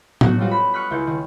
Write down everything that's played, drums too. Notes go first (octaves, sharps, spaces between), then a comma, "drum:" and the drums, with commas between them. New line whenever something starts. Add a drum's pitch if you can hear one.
F#3 A3 D4 D#4 F#4, drum: tom
F3 G3 B3 C4 F4 F#4
B5
B5 C#6 D#6 F6 F#6 B6
C#2 E4 C#6 G6 C#7
D#3